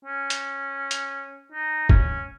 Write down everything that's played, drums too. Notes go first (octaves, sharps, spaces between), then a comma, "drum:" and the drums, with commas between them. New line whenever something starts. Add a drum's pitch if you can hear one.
C#4
drum: hi-hat
drum: hi-hat
D#4
C#4, drum: kick